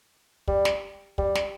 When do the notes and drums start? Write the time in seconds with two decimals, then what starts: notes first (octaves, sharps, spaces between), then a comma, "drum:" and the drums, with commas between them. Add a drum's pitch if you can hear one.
0.48 G3, drum: kick
0.65 drum: snare
1.18 G3, drum: kick
1.35 drum: snare